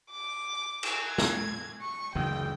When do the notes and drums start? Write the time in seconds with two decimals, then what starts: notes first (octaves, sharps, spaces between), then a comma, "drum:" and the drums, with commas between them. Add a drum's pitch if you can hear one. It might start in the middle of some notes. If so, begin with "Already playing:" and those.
0.12 D6
0.83 drum: cymbal
1.07 G#6
1.18 drum: snare
1.81 C#6
2.15 F#1 D2 E3 G5